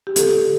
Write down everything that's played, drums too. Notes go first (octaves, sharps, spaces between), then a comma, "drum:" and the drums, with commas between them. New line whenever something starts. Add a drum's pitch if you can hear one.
G4
D3 A4, drum: hi-hat